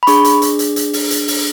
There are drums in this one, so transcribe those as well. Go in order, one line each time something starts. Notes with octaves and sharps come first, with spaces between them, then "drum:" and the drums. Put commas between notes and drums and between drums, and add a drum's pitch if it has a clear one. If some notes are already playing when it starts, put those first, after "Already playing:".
B5
D4 G#4 C#6, drum: hi-hat
drum: hi-hat
drum: hi-hat
drum: hi-hat
drum: hi-hat
drum: open hi-hat
drum: hi-hat
drum: open hi-hat